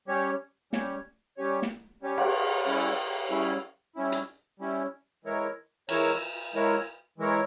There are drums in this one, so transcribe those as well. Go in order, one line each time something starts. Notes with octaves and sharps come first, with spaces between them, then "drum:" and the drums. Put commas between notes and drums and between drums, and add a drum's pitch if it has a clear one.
G3 C#4 G4 C#5
G3 C#4 G4 C#5, drum: snare
G3 C#4 G4 C#5
drum: snare
G3 C#4 G4 C#5
drum: cymbal
G3 C#4 E4
G3 C#4 E4
G3 C#4 E4
drum: hi-hat
G3 C#4 E4
E3 G#3 E4 A#4 C#5
E3 G#3 E4 A#4 C#5, drum: cymbal
E3 G#3 E4 A#4 C#5
E3 G#3 E4 A#4 C#5